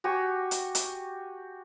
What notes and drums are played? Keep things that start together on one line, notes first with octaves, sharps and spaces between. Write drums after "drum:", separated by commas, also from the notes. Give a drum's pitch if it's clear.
F#4 G4 G#5 C#6
drum: hi-hat
drum: hi-hat